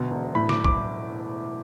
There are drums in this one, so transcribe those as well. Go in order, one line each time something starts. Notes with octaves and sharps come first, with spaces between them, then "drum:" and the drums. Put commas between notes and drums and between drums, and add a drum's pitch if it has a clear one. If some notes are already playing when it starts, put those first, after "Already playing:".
Already playing: D2 B2
E1
A2 B5
D6, drum: snare
D6, drum: kick